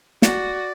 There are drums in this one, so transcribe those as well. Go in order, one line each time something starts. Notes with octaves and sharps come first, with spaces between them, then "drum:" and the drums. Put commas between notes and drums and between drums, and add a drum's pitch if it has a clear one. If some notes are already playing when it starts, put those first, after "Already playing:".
F#4 D5, drum: snare